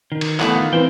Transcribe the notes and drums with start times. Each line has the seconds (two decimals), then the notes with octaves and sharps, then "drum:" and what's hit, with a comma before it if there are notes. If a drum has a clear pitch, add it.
0.12 D#3
0.21 drum: cymbal
0.40 E3 A3 B3 F#5, drum: clap
0.55 D#3 F4
0.73 E3 C4 G5